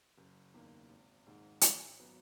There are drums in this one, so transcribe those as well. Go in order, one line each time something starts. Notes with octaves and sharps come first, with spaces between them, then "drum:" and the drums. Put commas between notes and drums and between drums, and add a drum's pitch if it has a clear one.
F#1
E2 D#3 A#3
G#1
G#2 D#3
G#1, drum: hi-hat
F#3 B3